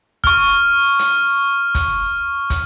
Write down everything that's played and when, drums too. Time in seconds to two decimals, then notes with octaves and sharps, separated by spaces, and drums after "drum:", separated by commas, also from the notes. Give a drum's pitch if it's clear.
0.24 C#6 F6, drum: kick
0.99 drum: hi-hat
1.75 drum: kick, hi-hat
2.50 drum: kick, hi-hat